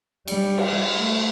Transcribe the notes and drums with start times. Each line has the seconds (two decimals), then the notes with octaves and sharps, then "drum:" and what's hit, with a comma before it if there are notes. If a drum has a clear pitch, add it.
0.28 G3, drum: cymbal
0.58 drum: cymbal
0.97 A3